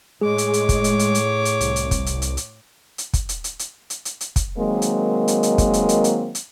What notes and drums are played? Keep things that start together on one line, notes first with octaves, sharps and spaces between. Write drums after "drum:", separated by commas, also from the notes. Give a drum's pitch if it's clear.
A2 G#3 G#4 C#5 D6
drum: hi-hat
drum: hi-hat
drum: kick, hi-hat
drum: hi-hat
drum: hi-hat
drum: hi-hat
drum: hi-hat
C2, drum: hi-hat
drum: hi-hat
drum: kick, hi-hat
drum: hi-hat
drum: hi-hat
drum: hi-hat
drum: hi-hat
drum: kick, hi-hat
drum: hi-hat
drum: hi-hat
drum: hi-hat
drum: hi-hat
drum: hi-hat
drum: hi-hat
drum: kick, hi-hat
D#3 F#3 G#3 A#3 C4
drum: hi-hat
drum: hi-hat
drum: hi-hat
drum: kick, hi-hat
drum: hi-hat
drum: hi-hat
drum: hi-hat
drum: hi-hat